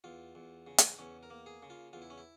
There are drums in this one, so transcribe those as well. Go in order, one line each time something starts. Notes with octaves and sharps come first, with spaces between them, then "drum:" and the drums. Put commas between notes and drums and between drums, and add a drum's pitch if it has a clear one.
E2 F4
E2
C#3
drum: hi-hat
E2 C#4
A#4
A#3
G#4
C#3
F4
E2 F4
E4
C#4
E4